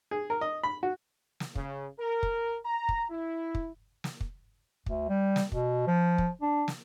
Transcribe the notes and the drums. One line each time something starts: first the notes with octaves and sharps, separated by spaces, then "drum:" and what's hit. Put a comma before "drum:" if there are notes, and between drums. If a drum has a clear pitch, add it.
G#4
A#4
D#5
B5
F#4
drum: snare
C#3, drum: kick
A#4
drum: kick
A#5
drum: kick
E4
drum: kick
drum: snare
drum: kick
D2, drum: kick
G3
drum: snare
B2, drum: kick
F3
drum: kick
D4
drum: snare